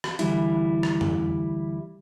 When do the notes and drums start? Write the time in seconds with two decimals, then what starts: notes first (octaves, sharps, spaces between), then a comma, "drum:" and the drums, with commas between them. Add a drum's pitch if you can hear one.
0.04 drum: rim click
0.19 D2 E3 G3 E4, drum: hi-hat
0.83 drum: rim click
1.01 drum: tom F2